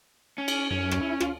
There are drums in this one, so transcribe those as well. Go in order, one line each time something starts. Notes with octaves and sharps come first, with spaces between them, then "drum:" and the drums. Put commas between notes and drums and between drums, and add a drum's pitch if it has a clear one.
C#4
drum: cymbal
F#2 C#4
drum: rim click
E4
F4, drum: rim click